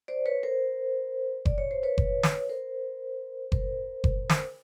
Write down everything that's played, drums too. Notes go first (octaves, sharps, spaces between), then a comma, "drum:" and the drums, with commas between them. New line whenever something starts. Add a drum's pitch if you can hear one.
C5 D5
B4 C#5
A#4 C5
D5, drum: kick F#1
C#5
C5
B4 C#5
drum: kick F#1
drum: snare
A#4 C5
A#4 C5, drum: kick F#1
drum: kick F#1
drum: snare